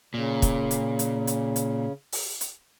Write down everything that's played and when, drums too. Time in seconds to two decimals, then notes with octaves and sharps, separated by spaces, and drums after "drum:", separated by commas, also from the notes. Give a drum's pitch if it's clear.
0.14 A#2 C#3
0.42 drum: kick, hi-hat
0.71 drum: hi-hat
0.99 drum: hi-hat
1.27 drum: hi-hat
1.56 drum: hi-hat
2.12 drum: open hi-hat
2.41 drum: hi-hat